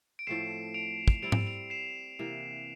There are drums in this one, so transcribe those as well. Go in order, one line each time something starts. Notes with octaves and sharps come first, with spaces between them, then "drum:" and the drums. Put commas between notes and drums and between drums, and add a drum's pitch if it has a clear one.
D7
A2 F3 A3 C4 C7 E7
D7 F7
drum: kick
G3 C4 E4 D7 F7
drum: tom G#2
D7 F7
C7 E7
C3 E3 A#3